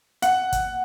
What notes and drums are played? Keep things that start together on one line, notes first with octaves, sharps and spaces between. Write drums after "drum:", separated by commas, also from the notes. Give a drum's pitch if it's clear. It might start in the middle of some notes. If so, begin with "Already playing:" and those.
F#5, drum: hi-hat
drum: kick, hi-hat